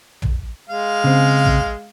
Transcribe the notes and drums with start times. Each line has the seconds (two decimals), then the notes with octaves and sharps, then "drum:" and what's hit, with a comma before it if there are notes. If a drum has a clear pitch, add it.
0.22 drum: tom
0.69 G#3 F5
1.04 C#3 C4
1.45 drum: tom